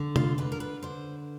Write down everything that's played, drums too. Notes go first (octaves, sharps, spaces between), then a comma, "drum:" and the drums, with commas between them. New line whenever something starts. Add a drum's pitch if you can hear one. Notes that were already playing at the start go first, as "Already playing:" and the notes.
Already playing: D3
F4, drum: tom C3
D3 B4
A#4
B4
D3 C5